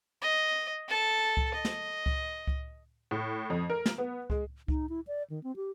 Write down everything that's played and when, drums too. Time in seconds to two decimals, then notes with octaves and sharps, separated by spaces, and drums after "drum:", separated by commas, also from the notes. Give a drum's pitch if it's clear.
0.22 D#5
0.88 A4 A5
1.37 drum: kick C#2
1.54 D#5
1.65 drum: snare
2.06 drum: kick C#2
2.47 drum: kick C#2
3.11 A2
3.50 F2
3.70 A#4
3.86 drum: snare
3.98 B3
4.30 G#3, drum: kick C#2
4.68 D#4, drum: kick C#2
4.89 E4
5.07 D5
5.30 D#3
5.44 C4
5.56 G4